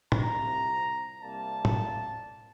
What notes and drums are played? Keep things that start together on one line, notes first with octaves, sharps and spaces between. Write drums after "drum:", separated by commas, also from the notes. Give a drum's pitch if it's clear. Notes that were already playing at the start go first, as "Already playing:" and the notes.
C2 C3 F3 C4 A#5, drum: tom
C2 C3 G3 A#3 A5
drum: tom